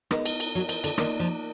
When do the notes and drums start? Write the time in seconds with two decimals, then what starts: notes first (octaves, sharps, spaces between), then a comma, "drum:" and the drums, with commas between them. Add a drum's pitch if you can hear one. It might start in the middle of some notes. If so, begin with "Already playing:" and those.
0.11 G#3 B3 D#4 A#4 D#5, drum: rim click
0.26 drum: cymbal
0.40 drum: cymbal
0.55 F#3
0.69 F3, drum: cymbal
0.84 D3, drum: cymbal
0.98 D#3 A#3 D#4 A#4 D5, drum: rim click
1.20 F3